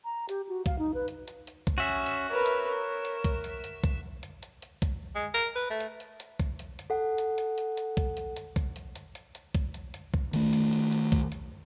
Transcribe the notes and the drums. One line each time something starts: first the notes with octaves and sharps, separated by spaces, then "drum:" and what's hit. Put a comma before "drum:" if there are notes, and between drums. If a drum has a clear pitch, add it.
A#5
G4, drum: hi-hat
F#4
F5, drum: kick B1, hi-hat
D#4
B4
drum: hi-hat
drum: hi-hat
drum: hi-hat
drum: kick B1, hi-hat
C#4 F#4 E5
drum: hi-hat
A#4 B4 C#5
drum: hi-hat
A#4
drum: hi-hat
drum: kick B1, hi-hat
drum: hi-hat
drum: hi-hat
drum: kick B1, hi-hat
drum: hi-hat
drum: hi-hat
drum: hi-hat
drum: kick B1, hi-hat
G#3
A#4
B4
A3
drum: hi-hat
drum: hi-hat
drum: hi-hat
drum: kick B1, hi-hat
drum: hi-hat
drum: hi-hat
A4 F#5
drum: hi-hat
drum: hi-hat
drum: hi-hat
drum: hi-hat
drum: kick B1, hi-hat
drum: hi-hat
drum: hi-hat
drum: kick B1, hi-hat
drum: hi-hat
drum: hi-hat
drum: hi-hat
drum: hi-hat
drum: kick B1, hi-hat
drum: hi-hat
drum: hi-hat
drum: kick B1
D#3 A3, drum: hi-hat
drum: hi-hat
drum: hi-hat
drum: hi-hat
drum: kick B1, hi-hat
drum: hi-hat